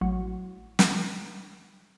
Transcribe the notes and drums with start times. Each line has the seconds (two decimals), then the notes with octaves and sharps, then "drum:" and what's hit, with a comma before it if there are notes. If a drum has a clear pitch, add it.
0.01 A1 F#3
0.79 drum: snare